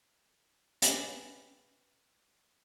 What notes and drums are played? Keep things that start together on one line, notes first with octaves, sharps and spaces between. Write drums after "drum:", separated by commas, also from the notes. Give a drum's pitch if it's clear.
B4 C#5 G5 G#5 A#5 B5, drum: hi-hat